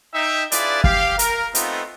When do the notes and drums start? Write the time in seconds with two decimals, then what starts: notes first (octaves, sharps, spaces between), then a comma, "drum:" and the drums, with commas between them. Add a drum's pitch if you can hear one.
0.14 D#4 E5 G5
0.52 D4 E4 F4 G#4 B4 D5, drum: hi-hat
0.84 G4 F5, drum: kick
1.19 A#4, drum: hi-hat
1.55 A3 B3 C4 D#4 F4, drum: hi-hat